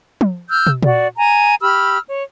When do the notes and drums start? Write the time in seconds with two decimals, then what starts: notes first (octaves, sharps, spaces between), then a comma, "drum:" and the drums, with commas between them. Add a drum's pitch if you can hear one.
0.21 drum: tom F3
0.50 E6 F6 G6
0.67 drum: tom
0.83 F#4 D5, drum: tom A#2
1.17 G#5 A#5
1.61 G4 B5 E6 F6
2.08 C#5